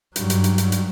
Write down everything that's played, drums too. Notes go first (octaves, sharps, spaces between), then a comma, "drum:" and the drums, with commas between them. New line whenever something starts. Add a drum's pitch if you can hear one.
G2 F#3, drum: hi-hat
drum: hi-hat
drum: hi-hat
drum: hi-hat
drum: hi-hat